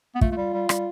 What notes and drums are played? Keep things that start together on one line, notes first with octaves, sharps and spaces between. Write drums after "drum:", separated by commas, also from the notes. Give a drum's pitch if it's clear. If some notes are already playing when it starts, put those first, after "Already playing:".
B3
A3 F4, drum: kick
A3
G3
G3
G3, drum: rim click